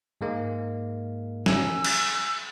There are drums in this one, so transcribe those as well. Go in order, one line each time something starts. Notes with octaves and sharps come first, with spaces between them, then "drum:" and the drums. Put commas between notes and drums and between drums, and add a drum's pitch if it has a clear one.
G#2 G#3 A#3
G#5 E6, drum: snare
drum: cymbal